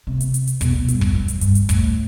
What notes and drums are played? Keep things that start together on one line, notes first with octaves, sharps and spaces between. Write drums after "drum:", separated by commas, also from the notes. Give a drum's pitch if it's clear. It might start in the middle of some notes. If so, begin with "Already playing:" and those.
C3
drum: hi-hat
drum: hi-hat
drum: hi-hat
B2, drum: kick, hi-hat
G2, drum: hi-hat
drum: kick
F#2
drum: hi-hat
G2, drum: hi-hat
drum: hi-hat
A2, drum: kick, hi-hat